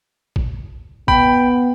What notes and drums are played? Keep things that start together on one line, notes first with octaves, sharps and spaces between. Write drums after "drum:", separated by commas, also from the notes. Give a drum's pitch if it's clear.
drum: kick
B3 G5 B5, drum: kick